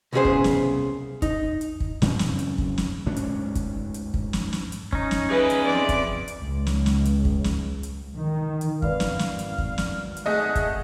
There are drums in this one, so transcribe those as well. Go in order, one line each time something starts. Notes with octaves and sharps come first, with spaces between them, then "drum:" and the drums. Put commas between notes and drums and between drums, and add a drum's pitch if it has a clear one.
C2 C#3 B3 E4 G#4 C5
drum: kick
drum: snare
D#4, drum: kick, hi-hat
drum: hi-hat
drum: kick
F#2 C#3 C4, drum: snare
drum: snare
drum: hi-hat
drum: kick
drum: snare
D2 G#2 C#4 D4
drum: hi-hat
drum: kick, hi-hat
drum: hi-hat
drum: kick
drum: snare
drum: snare
drum: hi-hat
C#4 D#4, drum: kick
drum: snare
G#4 B4 E5 G#5
drum: hi-hat
F2 D5
drum: kick, hi-hat
drum: hi-hat
C#2
drum: snare
drum: snare
drum: hi-hat
drum: kick
drum: snare
drum: hi-hat
D#3
drum: hi-hat
G#1 B4 D5 F5, drum: kick
drum: snare
drum: snare
drum: hi-hat
drum: kick
drum: snare
drum: hi-hat
A3 G#4 D#5 F#5
drum: kick, hi-hat